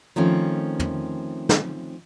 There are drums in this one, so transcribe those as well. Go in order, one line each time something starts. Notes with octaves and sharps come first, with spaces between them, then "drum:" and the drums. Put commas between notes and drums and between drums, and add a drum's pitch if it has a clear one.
D#3 F3 A3 C4 C#4
drum: tom
drum: snare